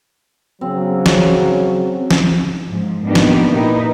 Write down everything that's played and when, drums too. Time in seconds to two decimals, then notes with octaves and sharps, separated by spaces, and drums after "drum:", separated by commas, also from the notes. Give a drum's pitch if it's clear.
0.61 C#3 F#3 C4
1.06 drum: snare
2.11 drum: snare
2.69 G#2 F3
3.04 A#3 B3 D4 D#4 F#4 G4
3.15 drum: snare
3.50 A#2 D#4 E4 A#4 B4